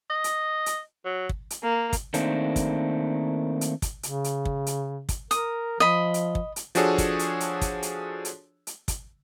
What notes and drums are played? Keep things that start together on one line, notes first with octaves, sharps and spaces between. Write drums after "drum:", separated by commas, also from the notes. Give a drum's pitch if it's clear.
D#5
drum: hi-hat
drum: hi-hat
F#3
drum: kick
drum: hi-hat
A#3
drum: kick, hi-hat
D#3 A3 A#3 C4 D4, drum: hi-hat
drum: kick, hi-hat
drum: hi-hat
drum: kick, hi-hat
C#3, drum: hi-hat
drum: hi-hat
drum: kick
drum: hi-hat
drum: kick, hi-hat
A#4 D#6, drum: hi-hat
F3 D#5 B5
drum: hi-hat
drum: kick
drum: hi-hat
F3 D4 F#4 G#4 A4 C#5, drum: hi-hat
drum: kick, hi-hat
drum: hi-hat
drum: hi-hat
drum: kick, hi-hat
drum: hi-hat
drum: hi-hat
drum: hi-hat
drum: kick, hi-hat